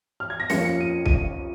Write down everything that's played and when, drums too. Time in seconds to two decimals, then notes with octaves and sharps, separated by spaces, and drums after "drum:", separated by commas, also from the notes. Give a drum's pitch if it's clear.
0.20 F6
0.30 G#6
0.40 A#6
0.50 F2 F3 A#3 C#4 C#7, drum: snare
0.65 C#7
0.81 D#7
1.06 D#7, drum: kick